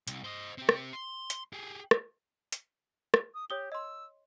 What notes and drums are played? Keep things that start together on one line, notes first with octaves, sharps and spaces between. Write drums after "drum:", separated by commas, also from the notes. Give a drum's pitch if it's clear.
C2, drum: hi-hat
C5 D#5
C4 G4
drum: rim click
C6
drum: hi-hat
G4 G#4
drum: rim click
drum: hi-hat
drum: rim click
D#6
G4 C#5 D#6 G7
D#5 C6 E6